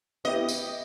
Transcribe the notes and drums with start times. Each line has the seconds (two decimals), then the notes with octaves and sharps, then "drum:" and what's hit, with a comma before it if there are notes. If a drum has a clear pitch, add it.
0.25 B3 E4 G4 D#5
0.49 drum: tambourine